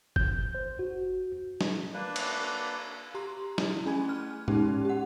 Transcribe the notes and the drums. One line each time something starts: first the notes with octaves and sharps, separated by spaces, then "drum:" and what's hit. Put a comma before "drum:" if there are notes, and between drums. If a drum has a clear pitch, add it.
G6, drum: kick G1
C5
F#4
drum: snare
A#3 D4 B4
drum: cymbal
G4 A#5 C6
E4, drum: snare
A3 C#4 G#4 G#5 B5 G#6
F6
G#3 C#4 D#4 G4, drum: tom
G4 F#5